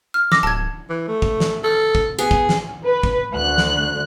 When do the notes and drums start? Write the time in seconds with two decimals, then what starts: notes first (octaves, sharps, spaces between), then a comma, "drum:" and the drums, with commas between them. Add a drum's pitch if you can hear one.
0.14 F6
0.32 D6 E6 A#6, drum: snare
0.43 D1 A5 G#6
0.89 E3
1.08 A3
1.22 drum: kick
1.40 drum: snare
1.64 A4
1.95 drum: kick
2.19 B3 G#4
2.31 drum: kick
2.49 drum: snare
2.85 B4
3.03 drum: kick
3.33 D2 F#6
3.58 drum: snare